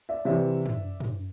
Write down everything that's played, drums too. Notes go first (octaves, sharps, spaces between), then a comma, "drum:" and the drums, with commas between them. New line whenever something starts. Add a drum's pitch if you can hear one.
D5 E5
C3 E3 D5 E5
drum: tom
drum: tom